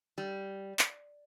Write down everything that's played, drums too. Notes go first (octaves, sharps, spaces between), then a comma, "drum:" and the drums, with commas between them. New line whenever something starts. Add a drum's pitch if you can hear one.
G3
drum: clap